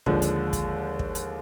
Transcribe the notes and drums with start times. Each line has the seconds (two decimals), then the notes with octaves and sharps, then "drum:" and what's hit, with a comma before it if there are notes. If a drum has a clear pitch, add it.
0.06 D#2 D3 F3 G#3, drum: kick
0.22 drum: hi-hat
0.53 drum: kick, hi-hat
0.99 drum: kick
1.15 drum: hi-hat